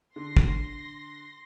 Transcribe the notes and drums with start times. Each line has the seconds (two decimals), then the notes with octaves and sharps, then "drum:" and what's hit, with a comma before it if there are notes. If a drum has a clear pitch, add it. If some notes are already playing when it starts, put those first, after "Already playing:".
0.16 D3 C6 A#6
0.37 drum: kick